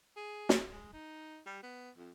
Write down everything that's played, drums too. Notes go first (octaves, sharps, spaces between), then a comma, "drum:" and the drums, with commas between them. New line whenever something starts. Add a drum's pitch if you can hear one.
G#4
drum: snare
G#3
D#4
G3
B3
F2